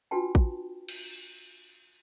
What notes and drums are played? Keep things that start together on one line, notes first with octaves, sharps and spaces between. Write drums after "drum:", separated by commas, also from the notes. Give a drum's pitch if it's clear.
D4 F4 F#4 B4 G5 A5
drum: kick A1
drum: cymbal
drum: tambourine